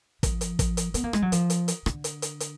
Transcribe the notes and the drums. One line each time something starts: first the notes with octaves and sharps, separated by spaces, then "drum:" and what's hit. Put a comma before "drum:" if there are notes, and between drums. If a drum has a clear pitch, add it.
F3, drum: kick, hi-hat
drum: hi-hat
drum: kick, hi-hat
drum: hi-hat
B3, drum: hi-hat
A#3
G#3, drum: rim click
F#3
F3, drum: hi-hat
drum: hi-hat
drum: hi-hat
D3, drum: rim click
drum: hi-hat
drum: hi-hat
drum: hi-hat